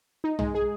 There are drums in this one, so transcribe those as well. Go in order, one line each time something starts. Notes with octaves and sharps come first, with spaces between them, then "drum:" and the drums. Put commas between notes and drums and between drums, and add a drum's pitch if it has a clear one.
D#4
G#3, drum: tom
G#4